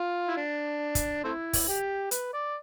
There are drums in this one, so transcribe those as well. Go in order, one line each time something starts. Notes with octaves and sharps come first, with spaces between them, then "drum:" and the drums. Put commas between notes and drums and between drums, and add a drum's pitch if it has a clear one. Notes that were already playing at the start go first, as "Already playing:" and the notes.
Already playing: F4
E4
D4
drum: kick, hi-hat
A3 C4 E4
drum: kick, open hi-hat
G4
B4, drum: hi-hat
D5